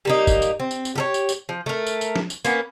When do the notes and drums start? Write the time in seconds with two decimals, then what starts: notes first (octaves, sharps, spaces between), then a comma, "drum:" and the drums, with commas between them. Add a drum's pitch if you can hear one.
0.05 G3 A#3 D#4
0.27 drum: kick, tambourine
0.42 drum: tambourine
0.60 C4
0.71 drum: tambourine
0.85 drum: tambourine
0.96 G4 A4 C#5
1.14 drum: tambourine
1.29 drum: tambourine
1.49 F3
1.66 A3 A#4
1.87 drum: tambourine
2.01 drum: tambourine
2.16 drum: snare
2.30 drum: tambourine
2.45 A#3 B3 C#4, drum: tambourine